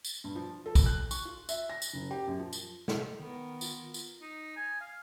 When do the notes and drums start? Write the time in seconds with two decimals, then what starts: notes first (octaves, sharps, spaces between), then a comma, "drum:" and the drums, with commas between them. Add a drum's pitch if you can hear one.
0.05 drum: tambourine
0.24 G2
0.35 F3
0.66 A4
0.75 drum: kick, tambourine
0.86 F#6
1.11 C#6, drum: tambourine
1.25 F4
1.49 E5, drum: tambourine
1.70 A#6
1.82 drum: tambourine
1.93 F#1
2.11 G4
2.28 F#2
2.39 F3
2.53 drum: tambourine
2.88 drum: snare
3.20 D#3 B3 A#4
3.61 F4, drum: tambourine
3.94 drum: tambourine
4.21 D#4
4.57 G#5
4.81 F5